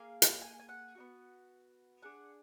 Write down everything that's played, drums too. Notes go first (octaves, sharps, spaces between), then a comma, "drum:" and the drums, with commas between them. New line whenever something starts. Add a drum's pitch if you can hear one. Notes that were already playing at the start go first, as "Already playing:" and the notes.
Already playing: A#3 G#4 F5
drum: hi-hat
G#5
G#5
F#5
B3 D4 F#4
D4 G#4 F#5